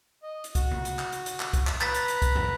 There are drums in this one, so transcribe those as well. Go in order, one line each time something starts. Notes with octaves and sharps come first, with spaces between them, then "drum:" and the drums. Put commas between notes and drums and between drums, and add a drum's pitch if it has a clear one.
D#5
drum: hi-hat
F#4, drum: kick C2, hi-hat
drum: tom C3
drum: hi-hat
drum: clap
drum: hi-hat
drum: hi-hat
drum: clap
drum: kick C2, hi-hat
drum: clap
B4 A#5 A6 B6, drum: clap
drum: hi-hat
drum: hi-hat
drum: kick C2, hi-hat
drum: tom